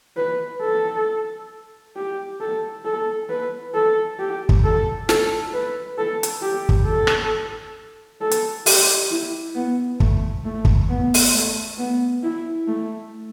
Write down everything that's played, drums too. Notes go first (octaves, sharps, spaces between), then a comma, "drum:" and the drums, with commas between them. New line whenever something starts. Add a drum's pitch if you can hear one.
B4
A4
G4
A4
A4
B4
A4
G4
drum: kick
A4
A4, drum: snare
B4
A4
drum: hi-hat
G4
drum: kick
A4
drum: rim click
A4
drum: hi-hat
G4, drum: open hi-hat
E4
B3
A3, drum: kick
A3
drum: kick
B3
drum: open hi-hat
A3
B3
E4
A3